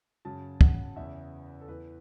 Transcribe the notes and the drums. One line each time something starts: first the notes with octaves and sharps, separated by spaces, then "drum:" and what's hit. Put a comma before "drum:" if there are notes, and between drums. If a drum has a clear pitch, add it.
F#2 C#3 F#3 A5
F#5, drum: kick
E2 C#3 E3 E5
A4
E2 E3 B4